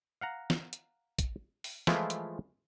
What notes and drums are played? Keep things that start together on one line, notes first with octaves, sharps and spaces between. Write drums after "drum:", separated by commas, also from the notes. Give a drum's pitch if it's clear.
F5 F#5 A#5
drum: snare
drum: hi-hat
drum: kick A#1, hi-hat
drum: open hi-hat
E3 F3 G#3 A3 E4 F4, drum: snare
drum: hi-hat